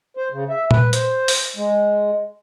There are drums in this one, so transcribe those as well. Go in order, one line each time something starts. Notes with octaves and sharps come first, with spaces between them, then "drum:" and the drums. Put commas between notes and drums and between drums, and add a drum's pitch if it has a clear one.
C5
C#3
E5
B4, drum: tom A#2
C5, drum: hi-hat
drum: open hi-hat
G#3